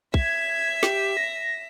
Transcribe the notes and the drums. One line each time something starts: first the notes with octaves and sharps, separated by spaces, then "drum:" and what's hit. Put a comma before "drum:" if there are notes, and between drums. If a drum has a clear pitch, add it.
E5 G#6, drum: kick
G4, drum: snare
A#6